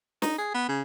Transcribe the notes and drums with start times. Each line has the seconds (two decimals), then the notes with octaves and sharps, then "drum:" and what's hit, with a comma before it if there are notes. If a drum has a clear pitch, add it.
0.22 D#4, drum: snare
0.38 G#4
0.54 B3
0.69 C#3